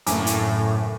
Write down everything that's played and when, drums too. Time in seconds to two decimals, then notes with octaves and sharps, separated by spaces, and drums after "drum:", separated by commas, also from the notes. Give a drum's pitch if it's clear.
0.06 F#1 A2 G#5 D6, drum: hi-hat
0.26 drum: hi-hat